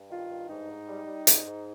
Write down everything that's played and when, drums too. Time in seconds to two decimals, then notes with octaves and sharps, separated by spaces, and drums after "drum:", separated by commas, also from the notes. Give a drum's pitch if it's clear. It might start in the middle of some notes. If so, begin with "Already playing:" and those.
Already playing: G2
0.10 D#3 F4
0.30 G2
0.49 G#2 D#4
0.68 G#2
0.88 G3
1.07 G3
1.27 G#2, drum: hi-hat
1.46 G#2